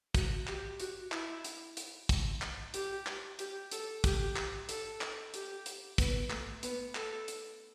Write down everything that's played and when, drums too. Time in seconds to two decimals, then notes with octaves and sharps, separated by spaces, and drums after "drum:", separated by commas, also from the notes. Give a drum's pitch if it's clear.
0.15 F#4, drum: kick, hi-hat
0.47 G4, drum: clap
0.80 F#4, drum: hi-hat
1.12 E4, drum: clap
1.44 drum: hi-hat
1.77 drum: hi-hat
2.09 drum: kick, hi-hat
2.42 drum: clap
2.74 G4, drum: hi-hat
3.07 drum: clap
3.39 G4, drum: hi-hat
3.71 A4, drum: hi-hat
4.04 G4, drum: kick, hi-hat
4.36 drum: clap
4.69 A4, drum: hi-hat
5.01 drum: clap
5.34 G4, drum: hi-hat
5.66 drum: hi-hat
5.98 B3, drum: kick, hi-hat
6.30 A3, drum: clap
6.63 B3, drum: hi-hat
6.95 A4, drum: clap
7.28 drum: hi-hat